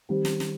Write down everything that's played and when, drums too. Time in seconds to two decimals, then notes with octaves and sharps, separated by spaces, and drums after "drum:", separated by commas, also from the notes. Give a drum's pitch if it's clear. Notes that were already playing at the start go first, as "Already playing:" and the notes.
0.09 D#3 G3 C4 G4
0.25 drum: snare
0.40 drum: snare